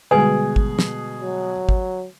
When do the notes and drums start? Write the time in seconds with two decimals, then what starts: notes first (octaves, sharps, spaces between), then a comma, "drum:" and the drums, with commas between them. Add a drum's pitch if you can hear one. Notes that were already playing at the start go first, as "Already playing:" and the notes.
0.11 B2 D3 G3 G#3 G#4 B4 G#5
0.56 drum: kick G#1
0.79 drum: snare
1.21 F#3
1.69 drum: kick G#1